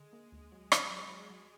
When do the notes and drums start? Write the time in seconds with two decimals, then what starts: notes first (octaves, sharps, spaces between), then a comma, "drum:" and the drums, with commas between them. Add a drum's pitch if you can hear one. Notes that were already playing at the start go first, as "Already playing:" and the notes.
Already playing: D3 G#3
0.13 A#3
0.32 D2
0.52 F#3
0.72 D3, drum: rim click
0.91 F#3
1.10 F#3
1.30 F#3